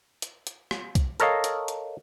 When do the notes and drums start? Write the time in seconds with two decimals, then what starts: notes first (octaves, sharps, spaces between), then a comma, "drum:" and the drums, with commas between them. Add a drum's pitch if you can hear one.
0.22 drum: hi-hat
0.47 drum: hi-hat
0.71 drum: rim click
0.95 drum: kick B1, hi-hat
1.20 A4 A#4 C#5 D#5 F5, drum: hi-hat
1.44 drum: hi-hat
1.68 drum: hi-hat